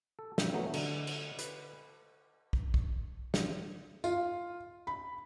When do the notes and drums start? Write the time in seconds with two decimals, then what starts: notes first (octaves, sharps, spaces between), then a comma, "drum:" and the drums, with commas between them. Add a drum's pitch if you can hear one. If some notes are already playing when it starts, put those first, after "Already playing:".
0.19 A4
0.38 E5 G5, drum: snare
0.53 E3 F#3 A3 B3 D#4
0.74 D3, drum: cymbal
1.07 drum: cymbal
1.39 B4, drum: hi-hat
2.53 drum: kick
2.74 drum: kick
3.34 drum: snare
4.04 F4, drum: tambourine
4.87 B5